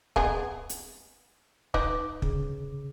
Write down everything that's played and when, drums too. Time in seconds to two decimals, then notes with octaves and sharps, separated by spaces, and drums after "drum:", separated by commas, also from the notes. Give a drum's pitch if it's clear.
0.16 B3 G#4 D#5, drum: kick
0.69 drum: hi-hat
1.74 D#4 B4 D#5 D6, drum: kick
2.22 C#3, drum: kick